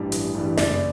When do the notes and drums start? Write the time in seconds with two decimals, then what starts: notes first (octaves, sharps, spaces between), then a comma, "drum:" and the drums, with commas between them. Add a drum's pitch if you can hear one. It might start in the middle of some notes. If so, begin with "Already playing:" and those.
Already playing: A1 G2 E3 G3
0.12 A1, drum: hi-hat
0.35 G2 E3 G3
0.57 F#1 D5, drum: snare